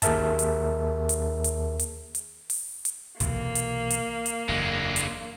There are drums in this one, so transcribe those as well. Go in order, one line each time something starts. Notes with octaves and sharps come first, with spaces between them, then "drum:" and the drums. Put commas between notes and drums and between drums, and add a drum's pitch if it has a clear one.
D#2 G#4 A#4 E5 A5, drum: kick, hi-hat
drum: hi-hat
drum: hi-hat
drum: hi-hat
drum: hi-hat
drum: hi-hat
drum: open hi-hat
drum: hi-hat
B1 C3 E3 A#3, drum: kick, hi-hat
drum: hi-hat
drum: hi-hat
drum: hi-hat
F#1 E2 D3 G#3
drum: hi-hat